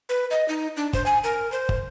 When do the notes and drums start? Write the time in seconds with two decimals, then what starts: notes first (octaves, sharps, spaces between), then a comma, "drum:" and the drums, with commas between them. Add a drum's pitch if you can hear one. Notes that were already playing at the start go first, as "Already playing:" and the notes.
0.09 B4
0.31 D#5
0.48 D#4
0.77 D4
0.93 C5, drum: kick
1.06 G#5
1.24 A#4
1.52 C5
1.69 drum: kick